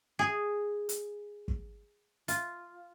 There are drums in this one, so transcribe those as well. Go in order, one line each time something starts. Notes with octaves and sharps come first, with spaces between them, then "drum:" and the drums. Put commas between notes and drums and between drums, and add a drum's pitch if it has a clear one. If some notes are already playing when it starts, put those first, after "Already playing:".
G#4
drum: hi-hat
drum: kick
F4, drum: hi-hat